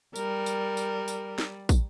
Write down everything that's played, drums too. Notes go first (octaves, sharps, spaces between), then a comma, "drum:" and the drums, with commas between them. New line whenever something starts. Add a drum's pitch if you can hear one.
G3 A#4, drum: tambourine
drum: tambourine
drum: tambourine
drum: tambourine
drum: snare
drum: kick, tambourine